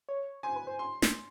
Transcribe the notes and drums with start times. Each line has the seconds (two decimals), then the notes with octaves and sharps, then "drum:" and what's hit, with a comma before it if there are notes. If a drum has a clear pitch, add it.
0.09 C#5
0.43 C5 G#5
0.55 B4
0.67 C5
0.79 C6
1.02 drum: snare